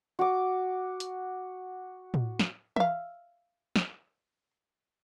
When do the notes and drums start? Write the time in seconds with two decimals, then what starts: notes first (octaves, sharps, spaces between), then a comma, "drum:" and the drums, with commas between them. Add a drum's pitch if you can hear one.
0.19 F#4 D6
1.00 drum: hi-hat
2.14 drum: tom
2.39 drum: snare
2.76 E5 F5, drum: tom E3
3.76 drum: snare